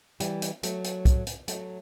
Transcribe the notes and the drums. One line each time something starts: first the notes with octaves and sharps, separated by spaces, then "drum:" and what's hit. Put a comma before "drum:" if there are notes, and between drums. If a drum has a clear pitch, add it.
E3 G3, drum: hi-hat
drum: hi-hat
F#3 A3, drum: hi-hat
drum: hi-hat
drum: kick, hi-hat
drum: hi-hat
F#3 A3, drum: hi-hat